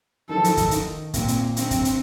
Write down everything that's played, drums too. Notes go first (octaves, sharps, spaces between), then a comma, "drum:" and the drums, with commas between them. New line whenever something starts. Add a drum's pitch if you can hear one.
D#3 A4
F3
D#3, drum: hi-hat
drum: kick, hi-hat
D#3, drum: hi-hat
A#2 C4, drum: kick, hi-hat
drum: hi-hat
D3 C4, drum: hi-hat
drum: kick, hi-hat
drum: hi-hat